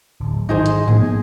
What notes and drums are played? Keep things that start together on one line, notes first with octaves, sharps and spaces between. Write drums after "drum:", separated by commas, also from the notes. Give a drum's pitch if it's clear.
D1
G#1 D#4 G#4 C5
drum: hi-hat
F3 A#3 B3 G#4, drum: tom G#2